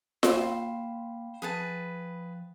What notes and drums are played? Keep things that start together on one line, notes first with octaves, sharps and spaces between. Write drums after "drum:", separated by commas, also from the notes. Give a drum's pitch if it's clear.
A#3 C5 F5 G5 B5 C6, drum: snare F4
F3 G#4 B4 A5